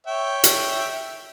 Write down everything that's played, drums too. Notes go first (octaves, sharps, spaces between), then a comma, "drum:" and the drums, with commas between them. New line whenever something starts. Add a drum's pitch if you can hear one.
C#5 E5 G5
drum: hi-hat